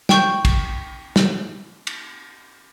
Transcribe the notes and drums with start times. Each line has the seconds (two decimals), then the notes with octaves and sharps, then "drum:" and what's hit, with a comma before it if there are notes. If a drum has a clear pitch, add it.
0.09 G5 C#6 G6, drum: snare
0.45 drum: kick, cymbal
1.16 drum: snare
1.87 drum: cymbal